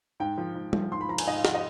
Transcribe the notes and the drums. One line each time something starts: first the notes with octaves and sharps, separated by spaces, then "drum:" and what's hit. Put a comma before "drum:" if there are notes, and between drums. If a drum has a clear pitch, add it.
G#2 G5
F3
G#2
F3, drum: tom
G#2 C6
B5
F3 A#5
G#5, drum: cymbal
G#2 D#5
F5
F3 F#5, drum: snare
D#5